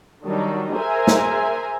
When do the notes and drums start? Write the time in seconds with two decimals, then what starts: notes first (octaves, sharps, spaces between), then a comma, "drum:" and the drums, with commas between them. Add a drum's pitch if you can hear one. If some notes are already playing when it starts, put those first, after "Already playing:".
0.24 D#3 F#3 G3 D4 D#4
0.75 G#4 A#4 C5 E5 G#5 A#5
1.07 drum: snare